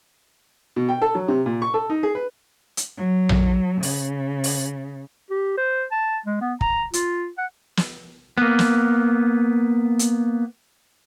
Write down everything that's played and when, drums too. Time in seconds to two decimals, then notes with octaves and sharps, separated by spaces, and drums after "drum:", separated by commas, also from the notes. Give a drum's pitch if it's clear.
0.76 B2
0.89 G5
1.01 A4
1.15 F#3
1.28 C3
1.46 A#2
1.62 C#6
1.74 A4
1.90 D#4
2.03 G#4
2.15 B4
2.77 drum: hi-hat
2.97 F#3
3.29 drum: tom A#1
3.83 C#3, drum: open hi-hat
4.44 drum: open hi-hat
5.30 G4
5.57 C5
5.91 A5
6.26 G#3
6.41 B3
6.61 A#5, drum: kick
6.93 F4, drum: hi-hat
7.38 F#5
7.77 drum: snare
8.38 A#3 B3
8.59 drum: snare
9.99 drum: hi-hat